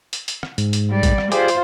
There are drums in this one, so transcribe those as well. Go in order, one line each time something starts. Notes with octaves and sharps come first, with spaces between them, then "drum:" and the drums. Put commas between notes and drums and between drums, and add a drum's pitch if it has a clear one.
drum: hi-hat
drum: hi-hat
drum: rim click
G#2, drum: hi-hat
drum: hi-hat
G3 D5
drum: kick, hi-hat
drum: rim click
F4 G4 G#4 C5 D5, drum: hi-hat
drum: hi-hat